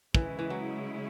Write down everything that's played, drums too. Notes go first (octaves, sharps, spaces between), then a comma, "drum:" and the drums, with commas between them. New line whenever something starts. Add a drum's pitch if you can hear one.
C#3 E3 G#3 C#4 E4, drum: kick
E3
F#3